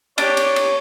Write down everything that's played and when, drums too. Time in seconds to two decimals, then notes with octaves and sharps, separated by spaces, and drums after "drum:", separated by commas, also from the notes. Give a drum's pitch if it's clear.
0.18 D4 G4 C#5, drum: cymbal
0.37 drum: cymbal
0.56 drum: cymbal